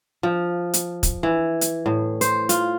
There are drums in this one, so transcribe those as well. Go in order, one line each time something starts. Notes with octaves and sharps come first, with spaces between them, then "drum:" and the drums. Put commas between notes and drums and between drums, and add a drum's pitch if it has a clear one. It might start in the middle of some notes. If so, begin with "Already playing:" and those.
F3
drum: hi-hat
drum: kick, hi-hat
E3
drum: hi-hat
A2
C5, drum: hi-hat
F4, drum: hi-hat